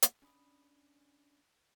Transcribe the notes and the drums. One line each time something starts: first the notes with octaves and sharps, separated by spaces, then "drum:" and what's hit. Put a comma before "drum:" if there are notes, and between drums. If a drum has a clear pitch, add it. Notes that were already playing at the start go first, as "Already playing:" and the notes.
drum: hi-hat
C#4 D4 B5 D#6